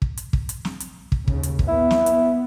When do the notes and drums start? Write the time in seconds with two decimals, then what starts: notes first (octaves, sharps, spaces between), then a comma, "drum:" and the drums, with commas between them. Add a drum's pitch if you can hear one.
0.02 drum: kick
0.17 drum: hi-hat
0.33 drum: kick
0.49 drum: hi-hat
0.65 drum: snare
0.80 drum: hi-hat
1.12 drum: kick
1.28 D#2 C#3, drum: kick
1.43 drum: hi-hat
1.59 drum: kick
1.68 B3 E4
1.91 drum: snare
2.06 drum: hi-hat